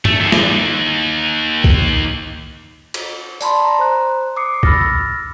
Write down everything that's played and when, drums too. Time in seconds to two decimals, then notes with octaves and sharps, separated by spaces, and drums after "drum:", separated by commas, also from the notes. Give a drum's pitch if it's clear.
0.05 A3, drum: tom G2
0.20 D#2
0.32 drum: snare
1.64 drum: kick
2.94 drum: cymbal
3.41 D5 A5 B5 C6, drum: tambourine
3.65 A#5
3.79 C5 F#6
4.36 D6 D#6 C7 C#7
4.63 B5 E6 F6 A6 A#6, drum: kick